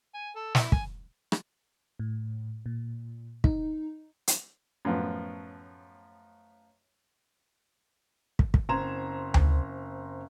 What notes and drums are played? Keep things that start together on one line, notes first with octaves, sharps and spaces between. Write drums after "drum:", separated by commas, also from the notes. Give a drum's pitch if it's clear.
G#5
A4
E4, drum: snare
G#5, drum: kick
drum: rim click
A2
A#2
D#4, drum: kick
drum: hi-hat
F#2 A2 F3 B3
drum: kick
drum: kick
F#1 C4 A#5 C6 G#6 E7
drum: tom D2